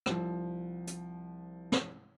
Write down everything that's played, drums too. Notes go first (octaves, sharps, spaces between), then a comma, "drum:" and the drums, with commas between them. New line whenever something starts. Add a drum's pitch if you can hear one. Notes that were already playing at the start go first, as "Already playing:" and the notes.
C2 F3, drum: rim click
drum: hi-hat
drum: snare